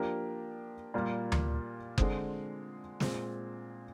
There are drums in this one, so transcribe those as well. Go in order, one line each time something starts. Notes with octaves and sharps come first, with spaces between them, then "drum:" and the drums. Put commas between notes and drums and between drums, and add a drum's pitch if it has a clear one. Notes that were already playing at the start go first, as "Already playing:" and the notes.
Already playing: F3 A#3 D4 G4 A#4
A#2 G3 A#3 F4
drum: tom D2
D3 G#3 C4, drum: kick F#1
A#2 G#3 C4, drum: snare